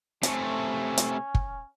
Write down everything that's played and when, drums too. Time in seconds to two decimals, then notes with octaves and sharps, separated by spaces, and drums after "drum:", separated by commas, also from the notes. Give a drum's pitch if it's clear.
0.23 C3 A3 C#4, drum: hi-hat
0.97 drum: hi-hat
1.35 drum: kick